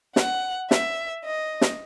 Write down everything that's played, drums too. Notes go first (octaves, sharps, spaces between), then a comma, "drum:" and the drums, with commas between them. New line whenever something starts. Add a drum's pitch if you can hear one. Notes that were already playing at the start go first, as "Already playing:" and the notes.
F#5, drum: snare
E5, drum: snare
D#5
drum: snare